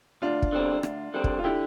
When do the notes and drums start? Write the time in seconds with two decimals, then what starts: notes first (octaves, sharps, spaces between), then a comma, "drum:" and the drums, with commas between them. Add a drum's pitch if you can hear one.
0.22 D2 D4 F4
0.42 drum: kick
0.52 D3 G3 C4
0.83 D2, drum: rim click
1.14 D3 G3 C4
1.24 drum: kick
1.39 F4
1.44 D3 E4 G4